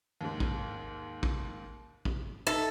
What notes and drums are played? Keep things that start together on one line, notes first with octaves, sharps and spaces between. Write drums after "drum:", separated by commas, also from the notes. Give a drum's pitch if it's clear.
D#2 G#2
drum: kick
drum: kick
drum: kick
D#4 A4 E5